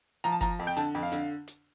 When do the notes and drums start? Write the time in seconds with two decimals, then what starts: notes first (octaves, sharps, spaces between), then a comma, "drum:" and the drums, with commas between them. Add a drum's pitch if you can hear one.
0.24 F3 A#5
0.32 A5
0.41 F3 A#5, drum: kick F#1, hi-hat
0.59 F2
0.67 G5
0.77 D3 A5, drum: hi-hat
0.95 F2
1.03 F5
1.12 D3, drum: hi-hat
1.47 drum: hi-hat